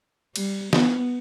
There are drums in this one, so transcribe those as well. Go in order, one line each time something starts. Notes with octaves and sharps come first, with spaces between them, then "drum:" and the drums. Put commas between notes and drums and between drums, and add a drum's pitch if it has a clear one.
G3, drum: cymbal
B3, drum: snare